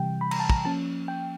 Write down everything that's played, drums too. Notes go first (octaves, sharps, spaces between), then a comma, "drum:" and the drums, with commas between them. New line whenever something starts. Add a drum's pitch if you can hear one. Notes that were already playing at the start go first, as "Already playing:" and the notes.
Already playing: C3 E3 G3 G5
B5
A#5, drum: cymbal
A5
A#5, drum: kick
F3 A#3 C#4 A5
G5